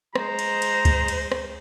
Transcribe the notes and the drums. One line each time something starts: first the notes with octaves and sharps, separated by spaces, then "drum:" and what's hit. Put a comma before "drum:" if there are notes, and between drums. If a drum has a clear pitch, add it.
G#3 C5 A#5, drum: rim click
drum: cymbal
drum: cymbal
drum: kick C#2, cymbal
drum: cymbal
drum: rim click